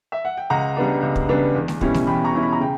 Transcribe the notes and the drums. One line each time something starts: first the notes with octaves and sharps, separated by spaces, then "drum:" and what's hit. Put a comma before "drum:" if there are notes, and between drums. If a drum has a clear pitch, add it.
E5
F#5
G5
C#2 F#5 A#5
C#3 G3 B3 D4
C#2
drum: kick
C#3 G3 B3 D4
E2
drum: snare A3
B2 G3 C#4 E4, drum: kick
drum: snare A3
E2 G5 B5
A#5 C#6
B2 G3 C#4 E4
B5
A#5
C#3 G5